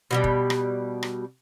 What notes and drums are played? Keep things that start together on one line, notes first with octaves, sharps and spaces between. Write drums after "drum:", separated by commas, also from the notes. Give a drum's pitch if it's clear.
B2 F#3 G3
drum: kick
drum: rim click
drum: rim click